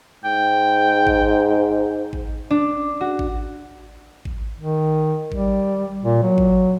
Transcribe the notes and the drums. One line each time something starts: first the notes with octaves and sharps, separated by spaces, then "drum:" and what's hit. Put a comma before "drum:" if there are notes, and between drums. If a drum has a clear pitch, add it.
G#2 G5
drum: kick G#1
drum: kick G#1
D4
F#4
drum: kick G#1
drum: kick G#1
D#3
G3, drum: kick G#1
A#2
F#3
drum: kick G#1